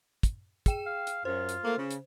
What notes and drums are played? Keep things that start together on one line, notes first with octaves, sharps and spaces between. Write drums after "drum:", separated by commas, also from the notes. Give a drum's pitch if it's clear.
drum: kick, hi-hat
G#4 G5 E7, drum: kick, hi-hat
F5
drum: hi-hat
F#2 F4 C5
drum: hi-hat
A3 A#3
C#3
drum: hi-hat